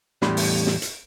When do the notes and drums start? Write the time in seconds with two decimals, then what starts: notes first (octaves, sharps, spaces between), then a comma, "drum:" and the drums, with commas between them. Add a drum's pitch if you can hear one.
0.22 E2 A2 G3 D4 B5 C6, drum: snare
0.37 drum: open hi-hat
0.67 drum: snare
0.82 drum: hi-hat